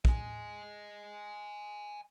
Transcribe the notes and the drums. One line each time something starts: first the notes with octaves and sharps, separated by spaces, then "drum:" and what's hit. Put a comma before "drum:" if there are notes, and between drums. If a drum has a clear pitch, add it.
D#5 G#5, drum: kick